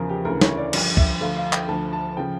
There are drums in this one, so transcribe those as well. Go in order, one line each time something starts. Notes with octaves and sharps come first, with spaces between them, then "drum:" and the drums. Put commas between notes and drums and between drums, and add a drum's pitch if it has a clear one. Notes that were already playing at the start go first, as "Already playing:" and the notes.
Already playing: E2 C#3 F3 A#4
G4
D2 C#3 E3 A#4
C#5, drum: snare
D5
G2 D3 F3, drum: cymbal
E5, drum: kick
D2 D3 F3 F5
F5
G5, drum: clap
D2 D3 F3 A5
A5
C#3 F3 G5